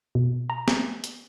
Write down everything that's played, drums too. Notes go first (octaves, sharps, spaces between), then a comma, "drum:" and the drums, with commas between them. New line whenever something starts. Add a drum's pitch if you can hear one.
B2
A#5
drum: snare
drum: hi-hat